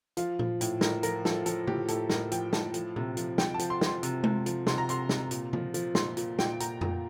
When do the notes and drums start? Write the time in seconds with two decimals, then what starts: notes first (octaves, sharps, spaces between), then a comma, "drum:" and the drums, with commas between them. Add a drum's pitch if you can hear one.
0.17 F3 F4, drum: hi-hat
0.39 F3, drum: tom A#2
0.61 A2, drum: hi-hat
0.81 A2 A#4, drum: snare
1.03 F3 A#4, drum: hi-hat
1.25 F3 A4, drum: snare
1.46 F3 A4, drum: hi-hat
1.67 A2 G4, drum: tom C#3
1.88 A2 A4, drum: hi-hat
2.10 A2 A#4, drum: snare
2.32 F3 G5, drum: hi-hat
2.53 A2 A5, drum: snare
2.74 F3, drum: hi-hat
2.96 C3, drum: tom A#2
3.17 F3, drum: hi-hat
3.38 F3 G5, drum: snare
3.54 A5
3.59 F3, drum: hi-hat
3.70 C6
3.81 F3 C6, drum: snare
4.03 C3, drum: hi-hat
4.24 C3, drum: tom G#3
4.46 F3, drum: hi-hat
4.67 C3 C6, drum: snare
4.78 A#5
4.89 C3 C6, drum: hi-hat
5.09 C3, drum: snare
5.31 A#2, drum: hi-hat
5.53 F3, drum: tom C#3
5.74 F3, drum: hi-hat
5.95 A#2 C6, drum: snare
6.17 A#2, drum: hi-hat
6.39 A#2 G5, drum: snare
6.60 A#2 A#5, drum: hi-hat
6.81 A#2, drum: tom F2